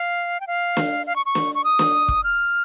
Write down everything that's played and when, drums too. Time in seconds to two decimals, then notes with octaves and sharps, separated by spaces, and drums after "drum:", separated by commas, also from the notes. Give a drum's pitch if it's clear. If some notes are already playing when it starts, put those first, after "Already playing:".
Already playing: F5
0.40 G5
0.47 F5
0.77 drum: snare
1.07 F5
1.16 C#6
1.26 C#6
1.35 drum: snare
1.55 C#6
1.64 D#6
1.79 drum: snare
2.08 drum: kick
2.24 F6